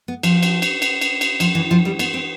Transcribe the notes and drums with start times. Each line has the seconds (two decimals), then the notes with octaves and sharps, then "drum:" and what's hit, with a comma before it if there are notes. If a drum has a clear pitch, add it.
0.08 B3
0.23 F3, drum: cymbal
0.43 drum: cymbal
0.62 drum: cymbal
0.82 drum: cymbal
1.01 drum: cymbal
1.21 drum: cymbal
1.40 F3, drum: cymbal
1.55 E3
1.71 F3
1.85 G3
1.99 B3, drum: cymbal
2.14 C4